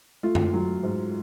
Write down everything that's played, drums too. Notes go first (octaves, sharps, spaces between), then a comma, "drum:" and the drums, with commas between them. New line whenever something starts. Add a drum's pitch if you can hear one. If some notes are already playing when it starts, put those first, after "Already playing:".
A3 F4
drum: tom F#2
F#3
G#2